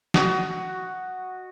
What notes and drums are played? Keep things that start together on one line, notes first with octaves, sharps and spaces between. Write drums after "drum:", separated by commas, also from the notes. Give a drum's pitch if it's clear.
F#4 D#5, drum: snare